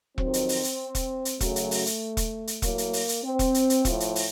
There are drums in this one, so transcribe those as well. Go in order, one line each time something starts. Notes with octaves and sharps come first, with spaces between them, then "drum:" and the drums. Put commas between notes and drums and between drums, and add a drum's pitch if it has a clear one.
F2 D#3 F#3 C4, drum: kick E1
drum: hi-hat
drum: open hi-hat
drum: hi-hat
drum: kick E1, hi-hat
drum: hi-hat
F#2 C#3 F#3 A3, drum: kick E1, hi-hat
drum: hi-hat
drum: open hi-hat
drum: hi-hat
drum: kick E1, hi-hat
drum: hi-hat
A2 F#3 A#3, drum: kick E1, hi-hat
drum: hi-hat
drum: open hi-hat
drum: hi-hat
C4
drum: kick E1, hi-hat
drum: hi-hat
drum: hi-hat
A2 F3, drum: kick E1, hi-hat
drum: hi-hat
drum: open hi-hat